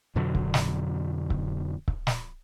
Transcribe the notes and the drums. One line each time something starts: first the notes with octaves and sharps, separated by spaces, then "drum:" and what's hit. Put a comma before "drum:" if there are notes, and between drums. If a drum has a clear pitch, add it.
F2 B2 D3 F#3
drum: kick C#1
drum: snare
drum: kick C#1
drum: kick C#1
drum: snare